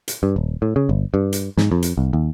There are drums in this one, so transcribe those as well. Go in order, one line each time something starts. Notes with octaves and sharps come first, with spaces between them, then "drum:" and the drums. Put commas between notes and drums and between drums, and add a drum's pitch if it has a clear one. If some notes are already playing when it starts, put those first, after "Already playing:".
drum: hi-hat
G2
D#1
A2
C#3
G1
G2
drum: hi-hat
G#2, drum: snare
F2
drum: hi-hat
C2
D#2